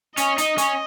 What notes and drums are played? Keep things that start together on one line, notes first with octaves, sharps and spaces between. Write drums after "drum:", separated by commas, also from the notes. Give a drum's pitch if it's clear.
C#4 D#5, drum: hi-hat
D#4, drum: hi-hat
C#4, drum: hi-hat